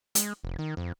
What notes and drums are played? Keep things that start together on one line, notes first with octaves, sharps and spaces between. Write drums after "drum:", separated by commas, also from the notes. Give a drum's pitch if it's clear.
G#3, drum: hi-hat
F1
D#3
F2